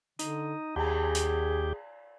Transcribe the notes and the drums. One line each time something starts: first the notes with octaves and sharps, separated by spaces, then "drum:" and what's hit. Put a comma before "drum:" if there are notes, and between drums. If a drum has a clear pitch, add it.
D3 D#4, drum: hi-hat
D#2 G4 G#4, drum: cymbal
drum: hi-hat